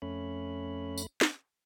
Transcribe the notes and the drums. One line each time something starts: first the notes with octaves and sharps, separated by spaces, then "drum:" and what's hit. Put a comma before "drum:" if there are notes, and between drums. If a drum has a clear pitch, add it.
F2 A3 C#4 B5
drum: tambourine
drum: snare